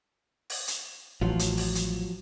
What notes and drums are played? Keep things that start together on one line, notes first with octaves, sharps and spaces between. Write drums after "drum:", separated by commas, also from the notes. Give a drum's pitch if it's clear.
drum: open hi-hat
drum: hi-hat
A1 F3 F#3 F4
drum: hi-hat
drum: open hi-hat
drum: hi-hat